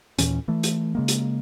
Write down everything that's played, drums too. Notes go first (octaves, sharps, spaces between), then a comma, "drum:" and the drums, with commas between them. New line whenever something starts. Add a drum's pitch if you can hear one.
D#2 A#2 E3 C#4, drum: hi-hat
E3 A3
drum: hi-hat
C#3 G#3 A#3
drum: hi-hat